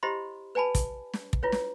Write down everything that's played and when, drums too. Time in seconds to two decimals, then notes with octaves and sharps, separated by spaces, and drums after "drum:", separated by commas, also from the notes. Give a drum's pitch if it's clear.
0.03 E4 G4 C5 D#5 B5 C6
0.55 B4 D5 G#5 A5 B5
0.75 drum: kick, hi-hat
1.13 drum: snare
1.33 drum: kick
1.43 E4 F4 B4 C#5
1.52 drum: snare